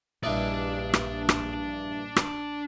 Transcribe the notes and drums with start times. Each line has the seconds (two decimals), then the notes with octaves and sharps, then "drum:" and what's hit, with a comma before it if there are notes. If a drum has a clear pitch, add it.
0.23 A#1 G2 E3 D4 D#4 D5
0.94 drum: rim click
1.29 drum: rim click
2.16 drum: rim click